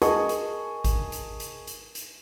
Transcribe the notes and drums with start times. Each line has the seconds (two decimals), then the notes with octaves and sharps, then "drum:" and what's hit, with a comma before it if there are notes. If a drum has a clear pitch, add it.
0.02 G#4 A#4 D#5 A5 C#6, drum: hi-hat
0.29 drum: hi-hat
0.84 drum: kick G#1, hi-hat
1.12 drum: hi-hat
1.40 drum: hi-hat
1.67 drum: hi-hat
1.95 drum: hi-hat